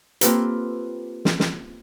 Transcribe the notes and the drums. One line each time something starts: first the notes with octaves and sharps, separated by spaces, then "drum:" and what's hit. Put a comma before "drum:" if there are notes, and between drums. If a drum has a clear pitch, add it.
A#3 C4 F4 G4 A4 B4, drum: hi-hat
drum: snare
drum: snare